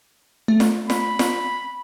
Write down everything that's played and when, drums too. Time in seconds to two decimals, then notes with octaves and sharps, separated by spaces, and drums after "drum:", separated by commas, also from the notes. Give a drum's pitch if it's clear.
0.48 A3
0.60 drum: snare
0.90 B5, drum: snare
1.19 drum: snare